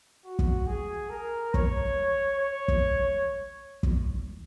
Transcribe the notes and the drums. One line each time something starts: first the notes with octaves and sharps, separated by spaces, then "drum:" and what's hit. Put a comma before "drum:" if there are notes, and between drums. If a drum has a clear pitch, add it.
F#4
drum: kick
G#4
A#4
C#5, drum: kick
C#5
drum: kick
drum: kick